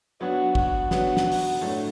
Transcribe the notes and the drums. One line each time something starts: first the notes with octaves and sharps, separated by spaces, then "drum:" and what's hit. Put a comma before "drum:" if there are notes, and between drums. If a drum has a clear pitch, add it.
F#3 B3 D4 F#4
F#4, drum: kick
F#3 B3 D4 F#4, drum: snare
drum: snare
drum: open hi-hat
A2 F#3 A3 D4